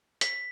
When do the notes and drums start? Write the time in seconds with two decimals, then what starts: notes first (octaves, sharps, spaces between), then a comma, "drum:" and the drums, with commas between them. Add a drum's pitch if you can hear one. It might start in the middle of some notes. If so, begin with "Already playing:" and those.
0.21 B6, drum: hi-hat